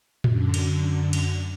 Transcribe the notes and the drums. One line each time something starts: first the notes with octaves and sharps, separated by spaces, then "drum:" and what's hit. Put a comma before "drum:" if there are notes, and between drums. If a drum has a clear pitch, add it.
F#2 D3, drum: tom A2
drum: cymbal
drum: cymbal